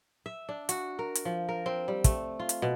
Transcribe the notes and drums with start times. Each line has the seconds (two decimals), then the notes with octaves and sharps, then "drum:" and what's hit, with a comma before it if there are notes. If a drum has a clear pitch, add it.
0.26 E5
0.49 D4
0.69 F#4, drum: hi-hat
0.99 A#4
1.15 drum: hi-hat
1.25 F3
1.49 A#4
1.66 C4
1.88 G3
2.04 A3, drum: kick, hi-hat
2.40 F4
2.49 drum: hi-hat
2.62 B2